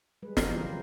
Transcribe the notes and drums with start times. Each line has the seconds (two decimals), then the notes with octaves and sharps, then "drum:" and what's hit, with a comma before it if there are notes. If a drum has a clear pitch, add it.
0.22 G3 G#3 B4
0.37 E3 F3 C4 G4 A#4 C5, drum: snare
0.52 C#3 E3 F#3 F4
0.67 D#3 F#3 B4